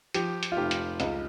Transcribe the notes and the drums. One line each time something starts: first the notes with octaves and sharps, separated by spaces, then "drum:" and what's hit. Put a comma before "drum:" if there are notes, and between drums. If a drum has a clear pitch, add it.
F3 G4, drum: hi-hat
drum: hi-hat
F4
F1 G4
drum: hi-hat
C#2, drum: hi-hat